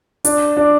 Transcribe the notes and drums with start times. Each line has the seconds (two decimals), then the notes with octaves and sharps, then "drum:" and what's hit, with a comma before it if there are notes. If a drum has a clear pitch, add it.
0.25 D4, drum: hi-hat
0.57 D4